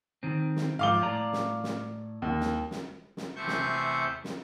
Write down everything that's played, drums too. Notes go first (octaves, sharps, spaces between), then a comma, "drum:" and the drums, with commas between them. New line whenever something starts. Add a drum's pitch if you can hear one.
D#3 C4
drum: snare
G#2 F3 F5 D6 G7
A2 D5 A#5
drum: snare
drum: snare
D#2
drum: snare
drum: snare
drum: snare
E2 C3 A3 C5 C#6 G6
drum: snare
drum: snare